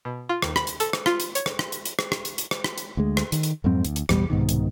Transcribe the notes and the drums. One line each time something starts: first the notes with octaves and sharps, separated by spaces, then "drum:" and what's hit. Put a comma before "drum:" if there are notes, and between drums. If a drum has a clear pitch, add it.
B2
F4
D#2, drum: rim click
B5, drum: rim click
drum: hi-hat
A4, drum: hi-hat
drum: rim click
F4, drum: rim click
drum: hi-hat
C#5, drum: hi-hat
drum: rim click
drum: rim click
drum: hi-hat
drum: hi-hat
drum: rim click
drum: rim click
drum: hi-hat
drum: hi-hat
drum: rim click
drum: rim click
drum: hi-hat
D2 G#3
drum: rim click
D#3, drum: hi-hat
drum: hi-hat
F2 G#2 F#3 C4
D2, drum: hi-hat
drum: hi-hat
A1 E2 B2 G3, drum: rim click
C2 G#2 B2 D#3
drum: hi-hat